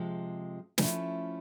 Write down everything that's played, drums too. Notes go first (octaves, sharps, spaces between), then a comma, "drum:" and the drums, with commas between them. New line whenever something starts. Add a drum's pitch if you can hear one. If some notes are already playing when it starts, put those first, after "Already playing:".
Already playing: C3 F3 G#3
F3 A3 C#4 E4, drum: snare